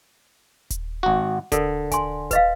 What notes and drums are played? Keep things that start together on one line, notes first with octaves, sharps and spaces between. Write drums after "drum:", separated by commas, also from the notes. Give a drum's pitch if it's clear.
drum: kick D#1, hi-hat
G#1 F#4
D3 A4 A#4, drum: kick D#1, hi-hat
G#5 C6, drum: kick D#1, hi-hat
B4 D#5 F5, drum: kick D#1, hi-hat